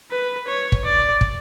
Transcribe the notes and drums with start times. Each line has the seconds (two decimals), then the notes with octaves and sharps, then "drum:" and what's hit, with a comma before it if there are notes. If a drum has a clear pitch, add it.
0.11 B4
0.47 C#5
0.72 drum: kick
0.85 D5
1.21 drum: kick